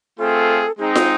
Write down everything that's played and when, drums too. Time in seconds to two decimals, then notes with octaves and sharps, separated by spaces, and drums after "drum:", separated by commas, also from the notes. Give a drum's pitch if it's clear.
0.19 A3 C4 F4 G#4 A4
0.78 G#3 C4 D#4 G#4
0.95 drum: snare